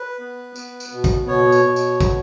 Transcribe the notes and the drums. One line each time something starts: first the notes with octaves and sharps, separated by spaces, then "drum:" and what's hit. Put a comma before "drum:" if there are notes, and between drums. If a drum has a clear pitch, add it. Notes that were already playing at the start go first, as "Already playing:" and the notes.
Already playing: B4
B3
B3, drum: tambourine
drum: tambourine
B2
drum: kick, tambourine
B2 C#5
drum: tambourine
B2
drum: tambourine
B3, drum: kick, tambourine